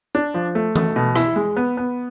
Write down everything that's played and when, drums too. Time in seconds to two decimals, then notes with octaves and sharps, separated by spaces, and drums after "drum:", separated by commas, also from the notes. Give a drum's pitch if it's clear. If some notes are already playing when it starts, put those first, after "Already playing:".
0.15 D4
0.34 F3
0.55 A3
0.76 A3, drum: tom E3
0.96 B2
1.16 E4, drum: rim click
1.36 G#3
1.56 B3
1.77 B3